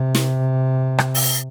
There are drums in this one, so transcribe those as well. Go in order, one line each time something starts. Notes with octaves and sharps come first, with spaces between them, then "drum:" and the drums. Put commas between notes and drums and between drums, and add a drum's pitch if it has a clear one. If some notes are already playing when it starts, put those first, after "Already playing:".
Already playing: C3
drum: snare
drum: rim click
drum: open hi-hat